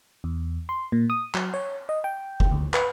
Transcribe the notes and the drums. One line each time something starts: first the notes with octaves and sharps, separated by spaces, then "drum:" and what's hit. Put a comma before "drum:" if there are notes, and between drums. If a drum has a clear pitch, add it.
E2
C6
A#2
D#6
F#3, drum: clap
C#5
D#5
G5
drum: kick F#1
D2
B4, drum: clap